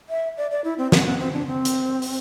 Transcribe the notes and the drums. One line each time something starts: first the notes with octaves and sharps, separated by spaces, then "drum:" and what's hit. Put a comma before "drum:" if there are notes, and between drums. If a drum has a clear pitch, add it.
E5
D5
D5
E4
C4
B3, drum: snare
B3
C4
D4
C4
drum: hi-hat
drum: open hi-hat